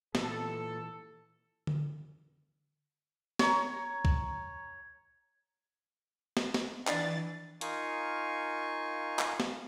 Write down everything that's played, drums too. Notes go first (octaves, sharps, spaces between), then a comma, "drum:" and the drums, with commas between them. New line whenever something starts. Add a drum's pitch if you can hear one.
A#2 E3 A4, drum: snare
drum: tom D3
C#5 A#5, drum: snare
drum: kick
drum: snare
drum: snare
E3 D4 A6, drum: clap
D#4 F4 A#4 F5 G#5 C#6, drum: hi-hat
drum: clap
drum: snare